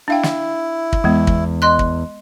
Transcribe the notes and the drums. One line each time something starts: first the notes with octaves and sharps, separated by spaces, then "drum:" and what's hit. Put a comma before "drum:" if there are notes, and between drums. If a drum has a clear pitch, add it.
D4 E4 F5 G5
drum: snare
drum: kick
E2 G#3 B3
drum: kick
D#5 C6 F#6
drum: kick